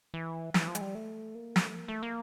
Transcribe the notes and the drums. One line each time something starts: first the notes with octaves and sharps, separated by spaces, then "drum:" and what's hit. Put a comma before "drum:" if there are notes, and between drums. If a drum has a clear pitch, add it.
E3
E3, drum: snare
F3
G#3, drum: hi-hat
G3
A3
A#3
drum: snare
A3
A#3
A3
A#3